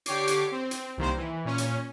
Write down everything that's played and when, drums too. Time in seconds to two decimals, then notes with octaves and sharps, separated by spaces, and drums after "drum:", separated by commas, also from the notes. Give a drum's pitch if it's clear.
0.06 D3 G4 C#5 D6 C7, drum: hi-hat
0.28 drum: hi-hat
0.51 C4
0.71 drum: hi-hat
0.97 C2 D#3 A#3 C5
1.17 E3
1.45 A#2 C#4
1.58 drum: hi-hat